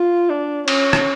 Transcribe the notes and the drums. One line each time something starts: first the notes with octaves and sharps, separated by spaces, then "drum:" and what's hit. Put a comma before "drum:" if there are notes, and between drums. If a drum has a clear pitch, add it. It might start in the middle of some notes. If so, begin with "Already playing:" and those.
Already playing: F4
D4
C#4, drum: cymbal
drum: rim click